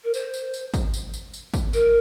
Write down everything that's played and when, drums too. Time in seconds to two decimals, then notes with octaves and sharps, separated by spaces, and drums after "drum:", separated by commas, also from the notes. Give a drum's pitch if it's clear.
0.04 A#4
0.14 C5, drum: tambourine
0.34 drum: tambourine
0.54 drum: tambourine
0.74 drum: kick, tambourine
0.94 drum: tambourine
1.14 drum: tambourine
1.34 drum: tambourine
1.54 drum: kick, tambourine
1.73 A#4, drum: tambourine